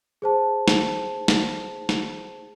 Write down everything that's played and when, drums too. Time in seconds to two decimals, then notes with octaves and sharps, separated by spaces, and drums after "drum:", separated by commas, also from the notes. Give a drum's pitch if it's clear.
0.22 G#4 C5 A5
0.68 drum: snare
1.28 drum: snare
1.89 drum: snare